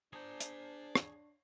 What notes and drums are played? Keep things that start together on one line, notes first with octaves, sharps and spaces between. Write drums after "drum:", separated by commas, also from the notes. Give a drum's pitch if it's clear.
D4 G#4 C5 D5 A5 A#5 G6
drum: hi-hat
drum: rim click